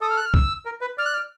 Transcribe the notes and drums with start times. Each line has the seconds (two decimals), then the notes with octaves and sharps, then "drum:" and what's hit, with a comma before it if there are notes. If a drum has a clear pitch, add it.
0.01 A4 D#6
0.10 F6
0.17 F#6
0.26 F6
0.34 E6, drum: kick B1
0.65 A#4
0.81 B4
0.98 D5 F6
1.06 F#6
1.14 F6